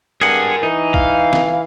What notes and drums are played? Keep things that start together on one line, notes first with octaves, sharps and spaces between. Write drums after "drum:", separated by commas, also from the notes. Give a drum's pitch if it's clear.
G2 G#4 A#4 F#5 G#5
E3 D#4
F5, drum: kick
drum: snare